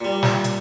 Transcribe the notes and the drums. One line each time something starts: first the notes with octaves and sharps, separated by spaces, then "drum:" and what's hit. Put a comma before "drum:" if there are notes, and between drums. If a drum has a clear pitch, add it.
A#2 G3
drum: snare
drum: hi-hat